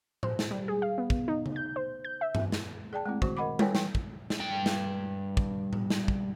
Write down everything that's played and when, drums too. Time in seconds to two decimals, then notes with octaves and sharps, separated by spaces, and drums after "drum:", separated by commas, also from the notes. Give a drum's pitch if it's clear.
0.23 C5, drum: tom A2
0.39 drum: snare
0.51 G3
0.68 G#4
0.82 F5
0.98 B3
1.10 drum: kick
1.28 D#4
1.46 drum: tom C#3
1.56 G6
1.76 C5
2.05 G6
2.21 E5
2.35 drum: tom G2
2.52 drum: snare
2.93 G#4 D5 G5 A5
3.06 G#3 A3 C4 E4
3.22 D#3 F#4 C5 C#6, drum: kick
3.37 A#4 D#5 F#5 B5 D6
3.59 A4 B4 C#5 G5 G#5, drum: tom G3
3.75 E3 G5, drum: snare
3.95 drum: kick
4.30 drum: snare
4.40 G2 G5
4.66 drum: snare
5.37 drum: kick
5.73 drum: tom A2
5.90 drum: snare
6.08 drum: kick